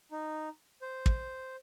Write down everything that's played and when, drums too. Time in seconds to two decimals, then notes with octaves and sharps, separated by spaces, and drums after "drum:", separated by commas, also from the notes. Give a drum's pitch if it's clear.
0.11 D#4
0.82 C5
1.06 drum: kick